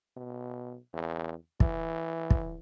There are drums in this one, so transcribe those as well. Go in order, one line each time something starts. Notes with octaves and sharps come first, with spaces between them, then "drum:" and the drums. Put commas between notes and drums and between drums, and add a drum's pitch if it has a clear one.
B2
E2
E3, drum: kick
drum: kick